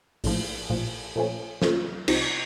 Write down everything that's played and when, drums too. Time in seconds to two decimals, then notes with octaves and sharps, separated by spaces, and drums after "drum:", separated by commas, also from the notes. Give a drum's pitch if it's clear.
0.24 A#1 A2 F3, drum: open hi-hat
0.70 A#1 A2 F3
1.16 A#2 F3 A3 C#4
1.62 A#2 F3 A3 C#4, drum: snare
2.08 C2 C3 F3 C4 D#4, drum: cymbal